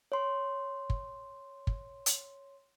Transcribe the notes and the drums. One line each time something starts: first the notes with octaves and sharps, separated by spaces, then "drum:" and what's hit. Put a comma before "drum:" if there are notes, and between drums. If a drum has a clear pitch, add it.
C#5 C6
drum: kick
drum: kick
drum: hi-hat